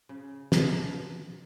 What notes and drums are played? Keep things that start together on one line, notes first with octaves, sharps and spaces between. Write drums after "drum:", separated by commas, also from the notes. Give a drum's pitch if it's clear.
C#3
B2, drum: snare